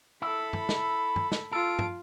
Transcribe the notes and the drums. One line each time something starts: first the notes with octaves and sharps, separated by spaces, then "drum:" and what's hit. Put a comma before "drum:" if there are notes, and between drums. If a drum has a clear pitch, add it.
E4 A4 B5
drum: tom
drum: snare
drum: tom
drum: snare
F4 A4 D7
drum: tom G2